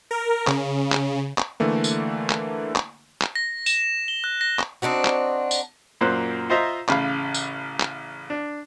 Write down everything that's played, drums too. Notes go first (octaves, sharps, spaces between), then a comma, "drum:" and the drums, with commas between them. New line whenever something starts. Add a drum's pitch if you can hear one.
A#4
C#3, drum: clap
drum: clap
drum: clap
D3 E3 A3 A#3
drum: tambourine
drum: clap
drum: clap
drum: clap
A#6
E7, drum: tambourine
G7
F#6
A#6
drum: clap
C4 D4 D#4 F#4
drum: clap
drum: tambourine
F#2 A#2 A#3 C5 F#6
F4 C5 D#5 E5 A#5
A1 C#3 F5 B5, drum: clap
drum: tambourine
drum: clap
D4